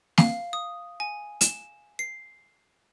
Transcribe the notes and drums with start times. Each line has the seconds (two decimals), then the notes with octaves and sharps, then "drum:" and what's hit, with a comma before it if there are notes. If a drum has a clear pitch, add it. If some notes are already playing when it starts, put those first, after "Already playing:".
0.18 F5, drum: snare
0.53 D#6
1.00 G#5
1.41 E7, drum: hi-hat
1.99 C7